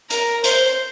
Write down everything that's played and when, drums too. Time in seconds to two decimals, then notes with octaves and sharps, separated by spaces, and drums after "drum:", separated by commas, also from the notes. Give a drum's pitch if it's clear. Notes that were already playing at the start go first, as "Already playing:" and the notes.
0.10 A#4, drum: hi-hat
0.44 C5, drum: hi-hat